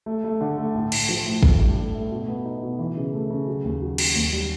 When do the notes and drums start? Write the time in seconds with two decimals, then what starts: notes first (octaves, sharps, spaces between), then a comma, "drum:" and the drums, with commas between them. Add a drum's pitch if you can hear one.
0.06 A3
0.24 A3
0.41 D3
0.58 A3
0.75 A2
0.92 A2, drum: cymbal
1.09 F3
1.26 A2
1.43 A3, drum: kick
1.59 G2
1.77 A3
1.94 A3
2.11 B2
2.28 B3
2.45 D#4
2.62 B2
2.79 E3
2.96 C#3
3.13 A3
3.30 C#3
3.47 F#3
3.64 D#2
3.82 F#3
3.98 F#3, drum: cymbal
4.15 D#2
4.33 G3